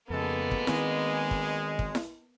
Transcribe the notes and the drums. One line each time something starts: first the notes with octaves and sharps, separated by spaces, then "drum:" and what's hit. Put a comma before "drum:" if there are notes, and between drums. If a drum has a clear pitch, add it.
F2 C#3 G#3 A#3 B3 A4
drum: kick
D#3 G#3 C4, drum: snare E4
drum: kick
drum: kick
drum: snare E4